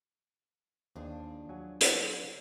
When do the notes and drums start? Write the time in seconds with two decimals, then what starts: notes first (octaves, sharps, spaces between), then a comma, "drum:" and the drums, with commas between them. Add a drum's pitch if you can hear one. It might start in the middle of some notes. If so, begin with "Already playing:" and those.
0.96 D#2 F3 D4 G#4
1.49 F#3 G#5
1.81 drum: hi-hat